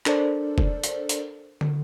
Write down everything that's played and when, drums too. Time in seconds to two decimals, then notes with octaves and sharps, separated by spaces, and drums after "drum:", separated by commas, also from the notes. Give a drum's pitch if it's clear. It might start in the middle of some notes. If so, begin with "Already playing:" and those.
0.06 D4 A4 A#4 C5 D5, drum: clap
0.58 drum: kick
0.84 drum: hi-hat
1.09 drum: hi-hat
1.61 drum: tom